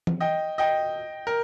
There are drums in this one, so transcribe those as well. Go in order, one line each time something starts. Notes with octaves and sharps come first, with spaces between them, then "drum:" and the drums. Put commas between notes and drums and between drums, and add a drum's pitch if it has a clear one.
drum: tom
D#5 G5
D#5 G5
A#4